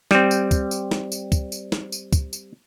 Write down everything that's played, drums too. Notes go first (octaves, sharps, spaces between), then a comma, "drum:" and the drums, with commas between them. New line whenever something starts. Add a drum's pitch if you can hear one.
G3 C4, drum: snare
drum: tambourine
drum: kick, tambourine
drum: tambourine
drum: snare
drum: tambourine
drum: kick, tambourine
drum: tambourine
drum: snare
drum: tambourine
drum: kick, tambourine
drum: tambourine